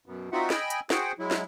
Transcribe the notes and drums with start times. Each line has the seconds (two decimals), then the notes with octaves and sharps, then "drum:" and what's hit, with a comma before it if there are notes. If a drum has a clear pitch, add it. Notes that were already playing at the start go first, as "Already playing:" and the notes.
0.06 F#2 B2
0.32 C4 D#4 F4 F#4 E5 F#5
0.50 D#5 G5 G#5 B5 E6, drum: snare
0.70 drum: hi-hat
0.90 F#4 G#4 C5 F#5 G5, drum: snare
1.19 F#3 G#3 E4
1.31 drum: snare